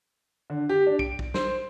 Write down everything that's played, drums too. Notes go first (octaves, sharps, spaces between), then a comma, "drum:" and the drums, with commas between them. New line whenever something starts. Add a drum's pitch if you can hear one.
D3
G4
D4
D7, drum: kick
drum: kick
C5, drum: snare